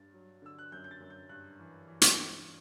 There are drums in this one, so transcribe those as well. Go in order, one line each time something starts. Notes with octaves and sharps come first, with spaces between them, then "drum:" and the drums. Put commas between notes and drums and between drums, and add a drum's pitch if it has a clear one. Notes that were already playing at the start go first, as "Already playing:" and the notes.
Already playing: G2 A6
F#3
D3 E6
F#6
F#2 G6
G6
A6
F#2
G6
G2 F#6
E3
E3
drum: hi-hat
G2